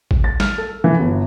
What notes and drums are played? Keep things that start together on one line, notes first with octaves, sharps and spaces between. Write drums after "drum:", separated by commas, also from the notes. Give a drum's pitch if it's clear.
drum: kick G#1
A6
F6, drum: snare
A4
E3
G1